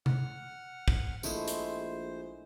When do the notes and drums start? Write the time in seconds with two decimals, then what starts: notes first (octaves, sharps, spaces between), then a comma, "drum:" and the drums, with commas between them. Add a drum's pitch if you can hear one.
0.06 F#5 F6, drum: tom C3
0.88 drum: kick
1.23 A#1 G#3 A3 E4 C5, drum: tambourine
1.48 drum: hi-hat